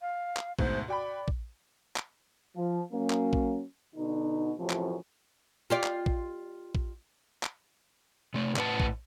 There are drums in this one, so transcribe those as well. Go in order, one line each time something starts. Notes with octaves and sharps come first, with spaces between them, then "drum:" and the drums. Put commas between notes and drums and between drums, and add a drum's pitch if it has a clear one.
F5
drum: clap
D2 G#2 B2 C5, drum: kick A#1
F#4 D5 G5 B5
drum: kick A#1
drum: clap
F3
F#3 A#3 C#4
drum: clap
drum: kick A#1
B2 D3 D#4
A1 F#2 A2 C3 F3
drum: clap
F4 G4 D5
drum: clap
drum: kick A#1
drum: kick A#1
drum: clap
C3 A3
A2 D4 B4 F#5 A5, drum: clap
drum: kick A#1